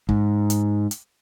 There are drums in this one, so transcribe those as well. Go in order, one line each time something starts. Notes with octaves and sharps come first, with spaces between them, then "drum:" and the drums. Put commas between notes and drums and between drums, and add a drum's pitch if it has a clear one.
G#2, drum: kick
drum: hi-hat
drum: hi-hat